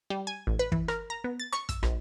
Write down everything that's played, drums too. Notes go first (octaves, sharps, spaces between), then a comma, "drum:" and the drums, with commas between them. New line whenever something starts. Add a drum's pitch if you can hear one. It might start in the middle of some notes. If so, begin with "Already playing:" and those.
G3
G#5
A1
B4
E3, drum: kick
A#4, drum: rim click
A#5
B3
A6
C#6, drum: rim click
E6, drum: kick, hi-hat
A#1, drum: rim click